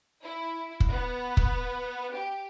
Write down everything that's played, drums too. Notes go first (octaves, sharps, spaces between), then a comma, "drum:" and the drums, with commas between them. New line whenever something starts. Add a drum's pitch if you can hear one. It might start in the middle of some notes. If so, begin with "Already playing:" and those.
E4
drum: kick
B3
drum: kick
G4